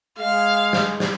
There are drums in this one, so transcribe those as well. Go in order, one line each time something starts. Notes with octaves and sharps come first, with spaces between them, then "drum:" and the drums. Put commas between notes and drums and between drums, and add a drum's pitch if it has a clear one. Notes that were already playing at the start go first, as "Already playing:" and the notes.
G#3 F5
drum: snare
drum: snare